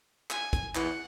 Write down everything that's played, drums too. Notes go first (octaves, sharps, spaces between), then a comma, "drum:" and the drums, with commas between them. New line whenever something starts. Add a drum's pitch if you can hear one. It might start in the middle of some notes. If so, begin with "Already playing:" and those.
G#5, drum: clap
drum: kick, hi-hat
E3 F#5, drum: clap